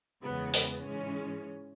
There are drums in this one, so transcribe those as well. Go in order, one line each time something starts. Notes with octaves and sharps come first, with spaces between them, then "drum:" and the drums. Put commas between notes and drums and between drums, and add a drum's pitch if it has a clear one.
E2 C#3 E3 G#3 B3
B3, drum: open hi-hat
G#2 E3 G#3 C#4